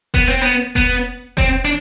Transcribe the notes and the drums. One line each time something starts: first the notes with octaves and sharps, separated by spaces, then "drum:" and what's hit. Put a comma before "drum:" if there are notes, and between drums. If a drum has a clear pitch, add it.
B3, drum: kick F1
C4
B3
B3, drum: kick F1
C4, drum: kick F1
D4